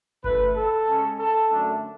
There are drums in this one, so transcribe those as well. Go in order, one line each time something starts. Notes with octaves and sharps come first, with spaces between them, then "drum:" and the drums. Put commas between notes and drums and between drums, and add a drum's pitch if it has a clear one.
F#2 E3 A3 B4, drum: kick G1
A4
C#3 G#3 C#4
A4
F#2 D3 A3 D4